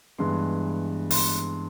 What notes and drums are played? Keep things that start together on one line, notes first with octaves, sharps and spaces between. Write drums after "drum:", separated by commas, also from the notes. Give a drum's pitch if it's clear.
G2 E3 G#3 B3 C6
C6, drum: open hi-hat